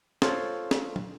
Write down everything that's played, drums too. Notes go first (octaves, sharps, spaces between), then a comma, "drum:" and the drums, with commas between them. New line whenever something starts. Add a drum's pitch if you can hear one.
F4 A4 C5 C#5, drum: snare
drum: snare
drum: tom